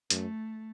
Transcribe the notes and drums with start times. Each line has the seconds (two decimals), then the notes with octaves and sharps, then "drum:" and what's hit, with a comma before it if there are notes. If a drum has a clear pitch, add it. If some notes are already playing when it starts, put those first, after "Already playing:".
0.10 F#2 A3, drum: hi-hat